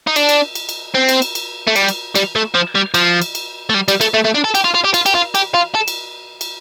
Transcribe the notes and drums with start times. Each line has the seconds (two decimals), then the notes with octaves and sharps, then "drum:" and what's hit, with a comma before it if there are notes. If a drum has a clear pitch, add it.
0.07 D#4
0.16 D4, drum: cymbal
0.29 drum: cymbal
0.55 drum: cymbal
0.69 drum: cymbal
0.95 C4
1.09 drum: cymbal
1.22 drum: cymbal
1.35 drum: cymbal
1.68 A3
1.76 G3, drum: cymbal
1.88 drum: cymbal
2.15 G3, drum: cymbal
2.36 A3
2.55 F3
2.75 G3
2.94 F3, drum: cymbal
3.22 drum: cymbal
3.35 drum: cymbal
3.69 A3
3.74 G3
3.88 G3, drum: cymbal
4.01 A3, drum: cymbal
4.14 A3
4.25 A3
4.35 D4
4.45 A4
4.55 G4, drum: cymbal
4.65 F4
4.75 F4
4.85 G4
4.94 F4, drum: cymbal
5.06 G4, drum: cymbal
5.15 F4
5.35 G4, drum: cymbal
5.54 F4
5.75 A4
5.88 drum: cymbal
6.41 drum: cymbal